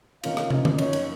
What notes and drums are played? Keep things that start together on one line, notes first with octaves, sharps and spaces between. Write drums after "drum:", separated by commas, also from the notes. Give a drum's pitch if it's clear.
C3 D#3 A#3 C#4 F4 F5, drum: cymbal
drum: rim click
C#3 F3 A#3 D#5, drum: tom
drum: tom D3
F#2 F3 A#3 D#4 C#5, drum: cymbal
drum: cymbal